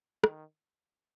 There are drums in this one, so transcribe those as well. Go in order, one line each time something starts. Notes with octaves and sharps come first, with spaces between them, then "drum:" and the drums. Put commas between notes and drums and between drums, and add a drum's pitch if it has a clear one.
D#3, drum: rim click